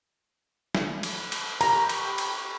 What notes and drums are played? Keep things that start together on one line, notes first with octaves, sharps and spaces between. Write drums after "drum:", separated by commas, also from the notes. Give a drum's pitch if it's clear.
drum: snare
drum: cymbal
drum: cymbal
G4 A#5 B5 C#6, drum: cymbal
drum: cymbal
drum: cymbal